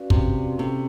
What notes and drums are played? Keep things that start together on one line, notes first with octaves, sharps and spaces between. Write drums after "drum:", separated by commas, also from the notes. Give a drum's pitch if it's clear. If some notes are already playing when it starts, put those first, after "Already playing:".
Already playing: C#4 F#4 B4 D5 F5
C3, drum: kick
C3 C#4 E4 A4 C5